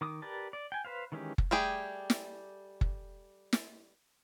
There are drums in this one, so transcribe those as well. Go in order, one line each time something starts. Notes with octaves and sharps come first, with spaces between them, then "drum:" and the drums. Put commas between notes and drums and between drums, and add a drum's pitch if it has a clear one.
D#3 D6 D#6
G4 A#4 B4 D5 A5
D5
G5 G#5
B4 C5 F5
D#3 E3 G#3 C#4 G4
drum: kick F#1
G3 A3 G4 G#4
drum: snare
drum: kick F#1
drum: snare